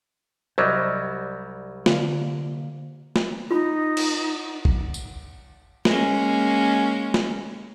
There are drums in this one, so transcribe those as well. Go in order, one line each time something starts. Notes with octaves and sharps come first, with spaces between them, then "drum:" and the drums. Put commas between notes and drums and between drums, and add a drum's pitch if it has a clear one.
C2 F#3 G3 C5 D#5
D3 A#3 F4, drum: snare
drum: snare
D#4 F4 B5
drum: cymbal
drum: kick
drum: tambourine
G#3 A#3 C#4, drum: snare
drum: snare